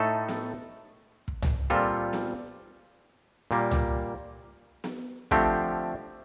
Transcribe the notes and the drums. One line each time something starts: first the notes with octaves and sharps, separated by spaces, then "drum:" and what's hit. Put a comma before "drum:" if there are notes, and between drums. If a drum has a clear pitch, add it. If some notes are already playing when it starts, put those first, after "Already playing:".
Already playing: A2 A3 D#4 A4
drum: snare B3
drum: kick
drum: tom C2
A#2 G3 C4 F4 A4
drum: snare B3
A#2 G3 A#3
drum: tom C2
drum: snare B3
D3 F3 A3 C4 G4, drum: kick